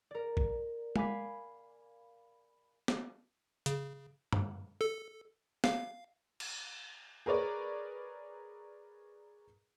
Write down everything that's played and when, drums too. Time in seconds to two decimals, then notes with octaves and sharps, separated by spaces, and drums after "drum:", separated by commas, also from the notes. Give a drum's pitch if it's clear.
0.11 A#4 D5
0.37 drum: kick A#1
0.96 F5 G#5 B5 D6 B6 C7, drum: tom G#3
2.88 drum: snare
3.66 C#3, drum: hi-hat
4.33 drum: tom F#2
4.81 A4
5.64 F5, drum: snare
6.40 drum: cymbal
7.26 G#4 A#4 B4 C#5 D5